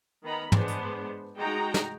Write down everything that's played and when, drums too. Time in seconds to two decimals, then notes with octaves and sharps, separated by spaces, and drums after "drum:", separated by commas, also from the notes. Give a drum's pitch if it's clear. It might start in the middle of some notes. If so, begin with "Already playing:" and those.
0.23 D#3 B3 D#5 A#5 B5
0.52 G#3 B3 D4 C5, drum: tom
0.68 drum: hi-hat
1.37 G#3 D#4 F#4 G5 A#5
1.74 drum: snare